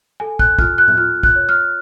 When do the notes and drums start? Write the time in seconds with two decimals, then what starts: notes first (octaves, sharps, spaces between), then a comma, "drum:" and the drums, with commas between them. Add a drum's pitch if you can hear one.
0.20 A4 G#5
0.39 F#6, drum: kick
0.59 F4 F6, drum: kick
0.78 F#6
0.88 drum: tom A2
0.97 F4 F6
1.23 F#6, drum: kick
1.36 C#5
1.49 F6